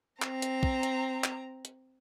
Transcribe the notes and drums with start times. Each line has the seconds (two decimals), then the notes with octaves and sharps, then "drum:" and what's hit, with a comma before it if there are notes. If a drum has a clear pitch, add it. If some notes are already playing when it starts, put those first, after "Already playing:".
0.22 C4 A#5, drum: clap
0.42 drum: hi-hat
0.63 drum: kick
0.83 drum: hi-hat
1.24 drum: clap
1.65 drum: hi-hat